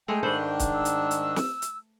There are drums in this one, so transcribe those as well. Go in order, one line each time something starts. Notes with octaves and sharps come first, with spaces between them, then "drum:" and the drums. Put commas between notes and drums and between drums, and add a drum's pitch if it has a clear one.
G#3 A3 C#5 G5 E6
G#2 D#3 D4 A4 B4 C5 F#7
G5
drum: kick C#1, hi-hat
E6
drum: hi-hat
drum: hi-hat
drum: snare
drum: hi-hat